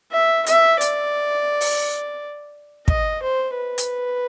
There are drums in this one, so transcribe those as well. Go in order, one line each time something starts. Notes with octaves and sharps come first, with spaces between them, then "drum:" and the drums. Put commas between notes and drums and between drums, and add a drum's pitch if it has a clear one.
E5
E5, drum: hi-hat
D5, drum: hi-hat
drum: open hi-hat
D#5, drum: kick
C5
B4
drum: hi-hat